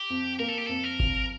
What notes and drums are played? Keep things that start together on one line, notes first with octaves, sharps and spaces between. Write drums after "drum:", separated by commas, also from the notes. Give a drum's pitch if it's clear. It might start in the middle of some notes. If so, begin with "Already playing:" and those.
Already playing: G4
F2
A#3 A#4
A4
G4
F2 A4
A#4
F2, drum: kick G#1